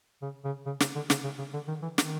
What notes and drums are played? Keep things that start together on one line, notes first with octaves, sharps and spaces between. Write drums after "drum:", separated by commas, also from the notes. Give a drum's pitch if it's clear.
C#3
C#3
C#3
C#3, drum: snare
D3
C#3, drum: snare
C#3
C#3
D3
D#3
E3
D#3, drum: snare